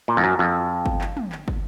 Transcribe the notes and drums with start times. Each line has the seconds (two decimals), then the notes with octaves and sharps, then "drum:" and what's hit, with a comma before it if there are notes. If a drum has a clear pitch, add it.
0.08 A#2
0.17 F2
0.24 F#2
0.39 F2
0.86 drum: kick
1.01 drum: clap
1.17 drum: tom
1.32 drum: clap
1.48 drum: kick